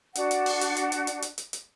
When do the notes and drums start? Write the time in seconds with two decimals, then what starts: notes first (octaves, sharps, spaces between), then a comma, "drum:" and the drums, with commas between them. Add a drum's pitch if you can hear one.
0.15 D4 F#4 F#5, drum: hi-hat
0.31 drum: hi-hat
0.46 drum: open hi-hat
0.61 drum: hi-hat
0.77 drum: hi-hat
0.92 drum: hi-hat
1.07 drum: hi-hat
1.22 drum: hi-hat
1.38 drum: hi-hat
1.53 drum: hi-hat